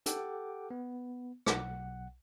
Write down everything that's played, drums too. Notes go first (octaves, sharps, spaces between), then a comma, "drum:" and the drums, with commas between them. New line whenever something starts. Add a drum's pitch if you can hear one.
G4 A4 F#5 G5 D6, drum: hi-hat
B3
B1 F#5, drum: rim click